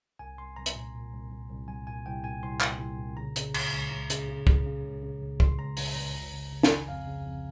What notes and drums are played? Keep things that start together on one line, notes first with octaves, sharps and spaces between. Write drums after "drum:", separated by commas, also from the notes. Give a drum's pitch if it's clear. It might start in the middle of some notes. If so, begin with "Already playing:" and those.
C2 G#5
C2 C6
C2 A#5
drum: hi-hat
A#2
A#2
C2
C2
C2
C2 G#5
A#2 G#5
C2 G5
A#2 G#5
C2 C6
A#2, drum: clap
C2
A#2
C#3 A#5
C#3, drum: hi-hat
C#2 A#5, drum: cymbal
C#2
C#2 A#5
C#3, drum: hi-hat
C#3
C#3, drum: kick
C#3
C#2
C#3
C#2
C#2 C6, drum: kick
C#2 A#5
C#2 A#5, drum: open hi-hat
C#2 A#5
G1 A#5
C#3
C#3
G#5, drum: snare
G1
F2 F5
C#3
F2